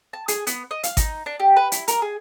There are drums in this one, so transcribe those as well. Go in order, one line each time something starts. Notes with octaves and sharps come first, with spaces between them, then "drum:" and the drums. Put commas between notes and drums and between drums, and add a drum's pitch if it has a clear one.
A5
G#4, drum: hi-hat
B3, drum: hi-hat
D#5
F5, drum: hi-hat
D#4, drum: kick G#1, hi-hat
D4
G4
B4
E4, drum: hi-hat
A#4, drum: hi-hat
G#4